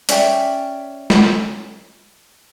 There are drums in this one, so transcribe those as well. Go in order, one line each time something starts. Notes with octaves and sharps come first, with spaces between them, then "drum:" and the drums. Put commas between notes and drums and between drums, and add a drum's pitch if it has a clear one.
C#4 D5 E5 G5, drum: hi-hat
drum: snare